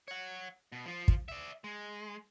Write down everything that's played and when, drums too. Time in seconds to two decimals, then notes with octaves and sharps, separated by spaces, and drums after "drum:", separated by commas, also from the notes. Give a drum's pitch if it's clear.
0.08 C#5 F#5
0.72 B2
0.86 F3 F4
1.08 drum: kick
1.28 D5 E5
1.64 G#3